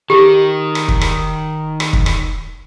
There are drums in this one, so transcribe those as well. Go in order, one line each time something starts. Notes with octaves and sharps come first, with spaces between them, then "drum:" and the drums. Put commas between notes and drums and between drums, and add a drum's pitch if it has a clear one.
D#3 G4
drum: rim click
drum: kick
drum: rim click
drum: rim click
drum: kick
drum: rim click